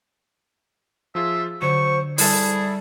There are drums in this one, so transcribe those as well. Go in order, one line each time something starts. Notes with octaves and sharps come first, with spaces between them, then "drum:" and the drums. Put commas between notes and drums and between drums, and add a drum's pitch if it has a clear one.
F3 F4 G#4 E5
D3 F#3 C5 C#6
G3 E4 G#4 A4 D#5 E5 A5, drum: open hi-hat